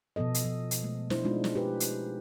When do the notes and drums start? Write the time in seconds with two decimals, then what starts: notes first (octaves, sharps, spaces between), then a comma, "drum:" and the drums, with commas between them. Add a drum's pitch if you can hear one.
0.16 B2 F3 B3 A4 D#5
0.34 drum: hi-hat
0.44 F3
0.71 drum: hi-hat
0.83 G#3 A3
1.10 D4 E4 C5, drum: snare
1.25 G#3 D4 D#4 F4
1.44 drum: snare
1.55 G4 B4
1.80 drum: hi-hat